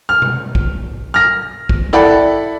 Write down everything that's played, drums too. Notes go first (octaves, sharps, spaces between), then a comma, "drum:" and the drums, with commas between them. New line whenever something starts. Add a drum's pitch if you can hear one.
F6
drum: tom B2
drum: kick
F6 A#6
drum: kick
E4 A4 D5 F#5 G5 B5